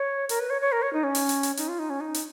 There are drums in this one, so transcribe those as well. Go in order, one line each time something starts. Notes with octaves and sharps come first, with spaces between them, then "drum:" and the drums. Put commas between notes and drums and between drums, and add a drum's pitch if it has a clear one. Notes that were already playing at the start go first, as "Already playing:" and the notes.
Already playing: C#5
A#4, drum: hi-hat
B4
C#5
C#5
A#4
C#5
D#4
C#4
drum: open hi-hat
drum: hi-hat
drum: hi-hat
D#4, drum: hi-hat
F4
D#4
C#4
D#4
drum: hi-hat